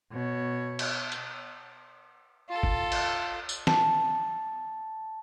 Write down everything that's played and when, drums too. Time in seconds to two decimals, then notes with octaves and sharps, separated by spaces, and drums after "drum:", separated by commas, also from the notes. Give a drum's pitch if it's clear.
0.12 B2 C#5
0.79 drum: cymbal
1.12 drum: hi-hat
2.49 F4 A4
2.63 drum: kick F#1
2.92 drum: cymbal
3.49 drum: tambourine
3.67 A5, drum: snare